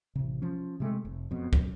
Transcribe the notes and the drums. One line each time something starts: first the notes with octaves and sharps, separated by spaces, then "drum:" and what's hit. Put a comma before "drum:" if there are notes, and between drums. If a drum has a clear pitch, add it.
A1 C3
F3 C#4
C3 G#3 A3
F1
F2 B2
F#2, drum: kick